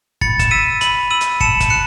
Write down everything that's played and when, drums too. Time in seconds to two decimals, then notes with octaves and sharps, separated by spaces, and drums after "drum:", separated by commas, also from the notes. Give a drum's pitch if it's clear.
0.21 B5 A6 C#7, drum: kick
0.39 E7, drum: kick, hi-hat
0.51 E6 B6 D#7
0.81 B5 D#7 F#7, drum: hi-hat
1.11 E6 D#7 F#7
1.21 drum: hi-hat
1.40 A5 C#7 E7, drum: kick
1.60 drum: kick, hi-hat
1.70 F#6 C#7 E7